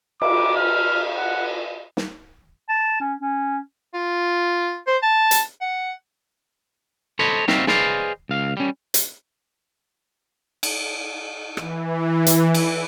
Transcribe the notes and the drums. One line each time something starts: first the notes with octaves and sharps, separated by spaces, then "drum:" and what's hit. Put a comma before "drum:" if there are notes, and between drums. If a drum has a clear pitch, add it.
D6, drum: cymbal
F6
F#5
drum: snare
A5
C#4
C#4
F4
C5
A5
drum: hi-hat
F#5
A4 C5 C#5 D#5 B5
G3 C4 D#4 F#4 E5 F5, drum: snare
G#4 B4 C5 D5 D#5 F5, drum: snare
C#2 F5
G3 C#4
drum: hi-hat
drum: cymbal
E3, drum: rim click
drum: hi-hat
drum: cymbal